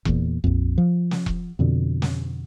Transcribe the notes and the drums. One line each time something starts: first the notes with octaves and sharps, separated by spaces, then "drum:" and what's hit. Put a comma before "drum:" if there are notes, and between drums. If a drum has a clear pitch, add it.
E2 A#2, drum: kick E1
A#1 F2
F3
drum: snare
drum: kick E1
F2 B2 D3
drum: snare